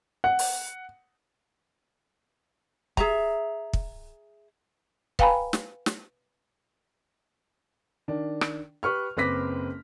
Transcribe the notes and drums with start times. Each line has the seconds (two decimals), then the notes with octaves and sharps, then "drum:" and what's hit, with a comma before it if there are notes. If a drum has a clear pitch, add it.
0.24 F#5
0.39 drum: open hi-hat
2.97 G#4 E5 A#5, drum: kick
3.73 drum: kick
5.19 B4 F5 G5 G#5 A#5 B5, drum: kick
5.53 drum: snare
5.86 drum: snare
8.08 D#3 D4
8.41 drum: rim click
8.83 G4 B4 C#6 F6
9.17 F#1 C4 B4 D6 A#6 B6